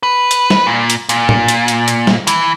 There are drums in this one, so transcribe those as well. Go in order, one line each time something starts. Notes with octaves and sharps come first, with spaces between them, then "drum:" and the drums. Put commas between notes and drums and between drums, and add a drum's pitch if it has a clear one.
B4
drum: hi-hat
drum: snare
A#2
drum: hi-hat
A#2, drum: hi-hat
drum: tom A2
drum: hi-hat
drum: hi-hat
drum: hi-hat
drum: snare
E3, drum: hi-hat